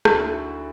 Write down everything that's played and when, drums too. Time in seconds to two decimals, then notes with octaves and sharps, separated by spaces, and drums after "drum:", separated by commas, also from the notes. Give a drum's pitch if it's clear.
0.05 D2 D3 F#4, drum: rim click
0.19 E4